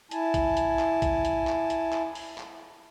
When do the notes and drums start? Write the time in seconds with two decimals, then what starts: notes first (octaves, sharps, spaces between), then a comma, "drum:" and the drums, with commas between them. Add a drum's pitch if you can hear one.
0.11 E4 G#5 A5, drum: hi-hat
0.34 drum: kick B1, hi-hat
0.57 drum: hi-hat
0.79 drum: clap
1.02 drum: kick B1, hi-hat
1.25 drum: hi-hat
1.47 drum: clap
1.70 drum: hi-hat
1.93 drum: clap
2.15 drum: open hi-hat
2.38 drum: clap